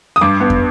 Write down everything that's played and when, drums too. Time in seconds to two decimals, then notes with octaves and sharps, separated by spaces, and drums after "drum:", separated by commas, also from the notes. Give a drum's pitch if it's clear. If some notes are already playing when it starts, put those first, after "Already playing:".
0.16 D#6
0.21 G2 D6
0.40 B3
0.50 drum: kick